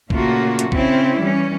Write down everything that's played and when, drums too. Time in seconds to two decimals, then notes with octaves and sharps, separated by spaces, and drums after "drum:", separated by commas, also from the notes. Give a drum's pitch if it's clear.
0.10 A#2 C#3 A3 A#3 F4 F#4, drum: kick
0.59 drum: hi-hat
0.72 C#3 C4 C#4 E4, drum: kick
1.20 E3 G3 C#4